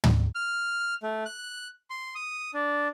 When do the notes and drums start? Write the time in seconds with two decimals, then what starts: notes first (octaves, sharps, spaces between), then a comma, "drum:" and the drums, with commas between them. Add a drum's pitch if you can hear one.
0.04 drum: tom
0.35 F6
1.03 A3
1.26 F#6
1.90 C6
2.15 D#6
2.54 D4